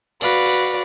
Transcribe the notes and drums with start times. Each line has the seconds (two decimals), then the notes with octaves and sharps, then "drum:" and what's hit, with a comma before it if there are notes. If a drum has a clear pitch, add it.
0.21 F#4 B4 D5 F5, drum: cymbal
0.46 drum: cymbal